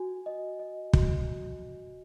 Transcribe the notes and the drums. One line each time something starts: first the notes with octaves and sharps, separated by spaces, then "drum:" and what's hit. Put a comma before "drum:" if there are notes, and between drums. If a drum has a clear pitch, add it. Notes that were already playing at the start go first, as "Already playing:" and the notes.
Already playing: F#4 G#5
D#5
D#5
F#4, drum: kick